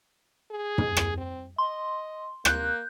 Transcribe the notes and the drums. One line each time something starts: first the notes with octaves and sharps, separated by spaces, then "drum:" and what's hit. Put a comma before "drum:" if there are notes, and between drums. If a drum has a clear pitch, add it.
G#4
drum: tom
drum: rim click
C4
D#5 C6
A#3 F#6 G6, drum: rim click